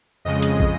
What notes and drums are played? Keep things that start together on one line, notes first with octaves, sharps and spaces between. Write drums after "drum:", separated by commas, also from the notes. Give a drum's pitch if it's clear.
F2 C#3 G#3 D#5
drum: hi-hat
drum: kick